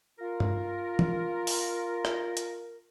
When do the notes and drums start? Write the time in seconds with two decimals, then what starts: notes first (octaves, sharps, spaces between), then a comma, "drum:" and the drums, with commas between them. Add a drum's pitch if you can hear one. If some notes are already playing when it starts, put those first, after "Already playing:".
0.19 F4 A#4
0.40 drum: tom G2
0.99 drum: tom E3
1.47 drum: open hi-hat
2.05 drum: rim click
2.37 drum: hi-hat